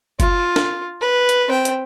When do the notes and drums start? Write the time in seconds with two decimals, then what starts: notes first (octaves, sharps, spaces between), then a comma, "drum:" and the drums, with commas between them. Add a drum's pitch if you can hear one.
0.20 F4, drum: kick F#1, hi-hat
0.56 drum: snare
1.01 B4
1.29 drum: hi-hat
1.48 C4 G5
1.65 drum: hi-hat